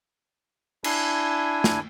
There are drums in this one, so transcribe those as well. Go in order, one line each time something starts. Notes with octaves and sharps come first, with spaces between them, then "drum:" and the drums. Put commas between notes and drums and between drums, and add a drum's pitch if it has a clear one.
D4 E4 G#5, drum: cymbal
drum: snare